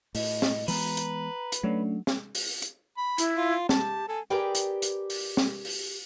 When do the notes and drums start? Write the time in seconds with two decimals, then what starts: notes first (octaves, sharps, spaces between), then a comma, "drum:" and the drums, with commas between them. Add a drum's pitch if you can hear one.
0.15 A2 D#5, drum: open hi-hat
0.42 drum: snare
0.68 E3 G#3 B3 B4 A#5, drum: open hi-hat
0.97 drum: hi-hat
1.52 drum: hi-hat
1.63 F#3 A3 C#4 D4
2.07 drum: snare
2.35 drum: open hi-hat
2.62 drum: hi-hat
2.98 B5
3.18 E4, drum: hi-hat
3.37 F4
3.69 G4 A5, drum: snare
4.08 A4 G#5
4.30 G4 G#4 A#4 B4 D5 G5
4.55 drum: hi-hat
4.82 drum: hi-hat
5.10 drum: open hi-hat
5.37 drum: snare
5.65 drum: open hi-hat